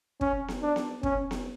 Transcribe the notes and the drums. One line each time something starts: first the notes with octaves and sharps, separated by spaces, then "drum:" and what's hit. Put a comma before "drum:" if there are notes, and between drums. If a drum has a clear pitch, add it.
C#4, drum: kick
drum: snare B3
D4
drum: snare B3
C#4, drum: kick
drum: snare B3